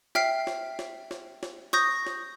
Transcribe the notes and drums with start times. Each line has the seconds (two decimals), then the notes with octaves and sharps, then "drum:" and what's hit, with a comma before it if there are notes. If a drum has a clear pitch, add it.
0.15 E5 G5 F6 B6 C7, drum: snare
0.47 drum: snare
0.79 drum: snare
1.11 drum: snare
1.43 drum: snare
1.73 C#6 D#6 G6 A#6, drum: snare
2.07 drum: snare